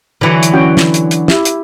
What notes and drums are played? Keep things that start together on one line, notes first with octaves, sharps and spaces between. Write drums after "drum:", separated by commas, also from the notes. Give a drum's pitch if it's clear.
D3 E3 F#3
drum: hi-hat
C#4 F#4 G5
drum: snare
drum: hi-hat
drum: hi-hat
E4 G4, drum: snare
drum: hi-hat